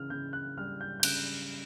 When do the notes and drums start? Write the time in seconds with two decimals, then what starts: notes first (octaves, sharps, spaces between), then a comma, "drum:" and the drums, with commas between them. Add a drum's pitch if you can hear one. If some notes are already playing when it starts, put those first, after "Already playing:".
Already playing: C#3 E3 F6
0.10 C#3 G6
0.33 F#6
0.57 G3 F6
0.81 G6
1.00 G6
1.03 C#3 F#6, drum: cymbal